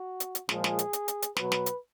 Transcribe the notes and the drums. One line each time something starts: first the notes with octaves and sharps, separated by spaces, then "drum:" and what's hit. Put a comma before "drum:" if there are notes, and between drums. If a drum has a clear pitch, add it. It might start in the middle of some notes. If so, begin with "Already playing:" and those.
Already playing: F#4
drum: hi-hat
drum: hi-hat
A#2 F3 G#3 G#4, drum: snare
drum: snare
drum: hi-hat
drum: hi-hat
drum: hi-hat
drum: hi-hat
B2 F#3 B4, drum: snare
drum: snare
drum: hi-hat